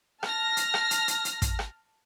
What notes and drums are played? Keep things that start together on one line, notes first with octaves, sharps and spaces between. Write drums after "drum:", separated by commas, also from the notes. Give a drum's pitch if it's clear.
A5 F6 A#6, drum: rim click
drum: hi-hat
drum: rim click
drum: hi-hat
drum: hi-hat
drum: hi-hat
drum: kick, hi-hat
drum: rim click